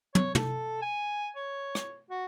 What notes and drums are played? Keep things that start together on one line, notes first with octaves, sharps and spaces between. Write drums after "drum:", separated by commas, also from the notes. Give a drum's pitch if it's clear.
C#5, drum: tom
A4, drum: tom
G#5
C#5
drum: rim click
F#4